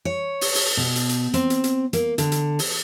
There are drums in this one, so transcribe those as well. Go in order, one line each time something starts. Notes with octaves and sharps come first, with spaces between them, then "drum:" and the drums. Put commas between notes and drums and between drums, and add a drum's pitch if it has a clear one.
C#5
drum: open hi-hat
drum: open hi-hat
B2
drum: hi-hat
drum: hi-hat
C4, drum: hi-hat
drum: hi-hat
drum: hi-hat
A#3, drum: hi-hat
D3, drum: hi-hat
drum: hi-hat
drum: open hi-hat